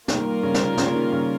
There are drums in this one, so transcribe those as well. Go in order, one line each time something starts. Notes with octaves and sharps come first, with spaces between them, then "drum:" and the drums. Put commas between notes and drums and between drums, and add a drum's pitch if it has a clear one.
D#3 G3 A#3 F4 A#4, drum: snare
C#3
drum: snare
C#3, drum: snare
D#3
C#3